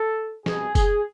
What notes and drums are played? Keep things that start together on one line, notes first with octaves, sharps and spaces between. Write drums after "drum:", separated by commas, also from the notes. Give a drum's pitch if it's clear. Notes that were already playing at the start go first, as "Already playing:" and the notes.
Already playing: A4
C2 B2 G#4, drum: snare
G#4, drum: kick F1, tambourine